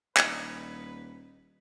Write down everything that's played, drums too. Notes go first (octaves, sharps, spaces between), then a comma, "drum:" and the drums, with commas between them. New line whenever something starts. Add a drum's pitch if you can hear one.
D#1 D#3 D4 D#4 B4, drum: clap